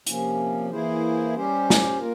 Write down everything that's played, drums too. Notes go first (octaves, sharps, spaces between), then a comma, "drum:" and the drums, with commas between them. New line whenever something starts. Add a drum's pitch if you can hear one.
C3 F3 A#3 C#4, drum: hi-hat
E3 A#3 E4 G#4 C5
G3 C#4 G4 C5
drum: snare
A#3 F4 A#4